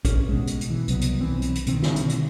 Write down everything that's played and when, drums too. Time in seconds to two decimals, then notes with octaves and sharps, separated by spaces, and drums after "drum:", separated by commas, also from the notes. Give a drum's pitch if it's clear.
0.05 C#4, drum: kick, hi-hat
0.29 B2 G#3
0.47 drum: hi-hat
0.61 drum: hi-hat
0.70 E3
0.88 C2 F#3 B3, drum: hi-hat
1.01 drum: hi-hat
1.20 B1 E3 C4
1.42 drum: hi-hat
1.55 drum: hi-hat
1.67 B2 D3 D#3 C4, drum: hi-hat
1.82 drum: snare
1.96 drum: hi-hat
2.09 drum: hi-hat